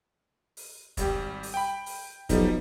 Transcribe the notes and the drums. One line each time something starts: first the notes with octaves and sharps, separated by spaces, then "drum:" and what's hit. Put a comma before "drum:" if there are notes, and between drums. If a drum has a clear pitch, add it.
drum: open hi-hat
G#1 G3 G4, drum: kick, hi-hat
drum: open hi-hat
G5 B5
drum: open hi-hat
B1 F3 G3 D#4, drum: kick, hi-hat